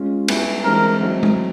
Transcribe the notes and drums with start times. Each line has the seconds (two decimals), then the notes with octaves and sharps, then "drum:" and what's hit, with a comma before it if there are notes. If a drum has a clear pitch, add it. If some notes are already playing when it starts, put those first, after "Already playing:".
Already playing: G#3 C#4 F4
0.28 G3 B3 E4, drum: cymbal
0.64 E3 G#3 C4 A#4
1.01 F#3 A3 C4 D#4
1.23 drum: tom G#3